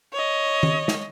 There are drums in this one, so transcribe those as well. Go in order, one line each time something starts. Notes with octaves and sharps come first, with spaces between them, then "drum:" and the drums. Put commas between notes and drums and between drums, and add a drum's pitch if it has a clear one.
C#5 D#5
drum: tom D#3
drum: snare